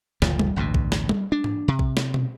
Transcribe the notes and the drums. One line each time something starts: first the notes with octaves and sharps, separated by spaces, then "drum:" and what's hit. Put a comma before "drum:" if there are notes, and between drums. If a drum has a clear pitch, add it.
F#1 D2 A#2 F3, drum: snare
drum: tom G3
A1 D2 G2 B2
drum: kick A#1
drum: snare
drum: tom G3
D4
drum: tom G#2
C3
drum: kick A#1
drum: snare
drum: tom B2